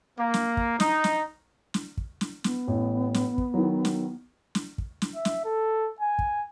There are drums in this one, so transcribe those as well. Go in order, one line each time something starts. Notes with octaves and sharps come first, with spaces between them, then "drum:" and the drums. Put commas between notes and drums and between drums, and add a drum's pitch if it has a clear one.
A#3
drum: snare
drum: kick
D#4, drum: snare
drum: snare
drum: snare
drum: kick
drum: snare
B3, drum: snare
A1
drum: snare
drum: kick
D#3 F#3
drum: snare
drum: snare
drum: kick
drum: snare
E5
drum: snare
A4
G#5
drum: kick